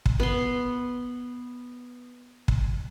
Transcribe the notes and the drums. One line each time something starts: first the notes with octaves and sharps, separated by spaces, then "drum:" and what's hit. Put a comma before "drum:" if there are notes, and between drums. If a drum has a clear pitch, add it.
drum: kick
B3 C6
drum: kick